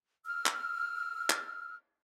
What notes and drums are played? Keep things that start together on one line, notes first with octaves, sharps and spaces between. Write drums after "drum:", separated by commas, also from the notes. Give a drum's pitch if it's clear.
E6 F6
drum: clap
drum: clap